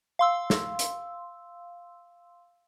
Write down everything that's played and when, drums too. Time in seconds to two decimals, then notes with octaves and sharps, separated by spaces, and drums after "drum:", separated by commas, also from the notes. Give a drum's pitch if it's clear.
0.19 F5 C6 E6
0.50 drum: snare
0.79 drum: hi-hat